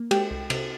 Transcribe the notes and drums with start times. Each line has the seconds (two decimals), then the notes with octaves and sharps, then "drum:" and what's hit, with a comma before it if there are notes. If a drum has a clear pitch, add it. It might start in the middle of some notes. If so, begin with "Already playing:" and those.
Already playing: A#3
0.11 G#3 G4 G5, drum: cymbal
0.31 C2
0.50 C3, drum: cymbal